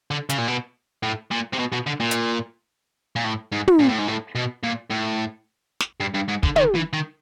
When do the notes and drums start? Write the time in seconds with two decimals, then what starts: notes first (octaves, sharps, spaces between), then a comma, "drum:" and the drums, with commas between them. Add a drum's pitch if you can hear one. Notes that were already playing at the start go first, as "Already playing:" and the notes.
0.11 D3
0.29 C#3, drum: hi-hat
0.38 A#2
0.47 B2
1.03 A2
1.31 A#2
1.53 C3
1.59 B2
1.72 B2
1.86 D3
2.00 A#2
2.11 drum: hi-hat
3.16 A#2
3.24 A2
3.52 G#2
3.68 drum: tom
3.79 A#2
3.89 A2
3.99 G#2
4.08 A2
4.35 B2
4.63 A#2
4.90 A2
5.80 drum: snare
6.00 G2
6.14 G2
6.28 G#2
6.43 D3, drum: kick
6.56 D#3, drum: tom
6.75 E3
6.93 D#3